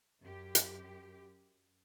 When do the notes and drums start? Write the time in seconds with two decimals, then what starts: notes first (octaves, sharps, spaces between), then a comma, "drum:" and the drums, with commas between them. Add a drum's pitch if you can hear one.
0.22 F#2 G4
0.55 drum: hi-hat